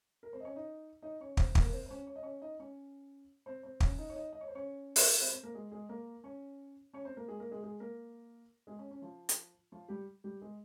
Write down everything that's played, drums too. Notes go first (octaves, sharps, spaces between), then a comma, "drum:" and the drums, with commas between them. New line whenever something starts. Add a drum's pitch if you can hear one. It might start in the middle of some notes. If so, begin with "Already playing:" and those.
A#4
C4 C5
D#5
C#4 C#5
D#4 D#5
D#4 D#5
C#4 C#5
C4 C5, drum: kick
A#3 A#4, drum: kick
A#4
C4 C5
C5
C#4 C#5
C#5
D#5
C#4 C#5
D#4 D#5
C#4 C#5
C4 C5
C4 C5
C#4 C#5, drum: kick
D#4 D#5
C#5
D#4 D#5
D#5
C#5
C5
C#4 C#5
drum: open hi-hat
C4 C5
C4 C5
A#3 A#4
G#3 G#4
G#3 G#4
A#3 A#4
C#4 C#5
C#4 C#5
C4 C5
A#3 A#4
G#3 G#4
A#3 A#4
G#3 G#4
G#3 G#4
A#3 A#4
G#3 G#4
C#4
C#4
F3 F4
drum: hi-hat
F3 F4
G3 G4
G3 G4
G#3 G#4